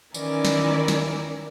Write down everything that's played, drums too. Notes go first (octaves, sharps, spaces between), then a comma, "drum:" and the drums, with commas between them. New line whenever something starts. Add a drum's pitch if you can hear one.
D#3 E3 C#4 E4 A#4 D5, drum: tambourine
drum: snare
drum: snare